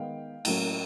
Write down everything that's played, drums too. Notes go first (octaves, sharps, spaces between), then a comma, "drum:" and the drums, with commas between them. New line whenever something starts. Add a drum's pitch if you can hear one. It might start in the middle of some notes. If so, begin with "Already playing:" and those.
Already playing: D#3 G#3 B3 F5 G5
A2 F#3 A#3 C#4, drum: cymbal